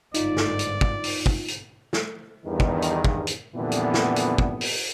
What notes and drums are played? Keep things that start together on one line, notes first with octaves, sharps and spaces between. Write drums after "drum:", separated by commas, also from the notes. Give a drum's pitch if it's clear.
G1 G#2 D#4 F4 D5, drum: hi-hat
drum: snare
drum: hi-hat
drum: kick
drum: open hi-hat
drum: kick
drum: hi-hat
drum: snare
E2 G2 D#3
drum: kick
drum: hi-hat
drum: kick
drum: hi-hat
F2 A#2 D3 E3 G3 B3
drum: hi-hat
drum: snare
drum: hi-hat
drum: kick
drum: open hi-hat